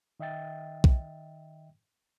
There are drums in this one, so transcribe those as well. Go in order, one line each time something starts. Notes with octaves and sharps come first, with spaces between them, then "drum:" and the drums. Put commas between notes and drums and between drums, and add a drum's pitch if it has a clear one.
D#3 D#5 E5 G5 A6
drum: kick